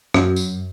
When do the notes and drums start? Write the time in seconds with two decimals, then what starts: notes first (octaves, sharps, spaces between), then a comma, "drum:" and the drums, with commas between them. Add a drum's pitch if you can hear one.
0.14 F#2, drum: rim click
0.36 drum: tambourine